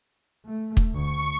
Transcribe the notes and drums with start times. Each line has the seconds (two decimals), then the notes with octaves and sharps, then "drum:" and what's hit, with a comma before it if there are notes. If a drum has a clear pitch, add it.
0.47 A3
0.77 drum: kick
0.94 D2 C#6